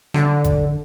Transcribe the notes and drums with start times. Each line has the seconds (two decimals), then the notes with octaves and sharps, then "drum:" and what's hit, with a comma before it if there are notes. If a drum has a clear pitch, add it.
0.14 D3, drum: rim click
0.44 drum: kick G#1, hi-hat